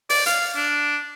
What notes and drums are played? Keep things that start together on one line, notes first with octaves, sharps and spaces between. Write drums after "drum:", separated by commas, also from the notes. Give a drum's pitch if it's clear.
D5, drum: open hi-hat
F5, drum: hi-hat
D4